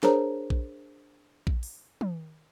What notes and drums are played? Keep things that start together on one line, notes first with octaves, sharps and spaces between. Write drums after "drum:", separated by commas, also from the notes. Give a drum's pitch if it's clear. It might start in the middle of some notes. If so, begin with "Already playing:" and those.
D4 G#4 A#4 C5 C#5 A#5, drum: snare
drum: kick A#1
drum: kick A#1
drum: open hi-hat
drum: tom